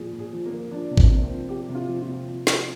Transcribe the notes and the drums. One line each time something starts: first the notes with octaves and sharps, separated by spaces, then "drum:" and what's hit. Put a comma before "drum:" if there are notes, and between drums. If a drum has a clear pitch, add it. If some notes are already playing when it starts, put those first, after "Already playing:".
Already playing: A#2 F3 G#4
A#2
G#4
F3
A#3
F3
F3 D4
C3
D4, drum: kick A1
C3 A#3
C4
F3
F3 G4
C3
F4
F3
F4
C3
F3
F3, drum: snare